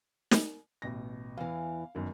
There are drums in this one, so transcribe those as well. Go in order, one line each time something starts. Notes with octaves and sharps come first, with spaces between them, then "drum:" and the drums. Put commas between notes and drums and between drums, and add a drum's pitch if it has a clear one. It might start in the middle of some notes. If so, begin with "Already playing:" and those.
drum: snare
A1 B2 A#6
E2 E3 F5
G1 F#2 D#3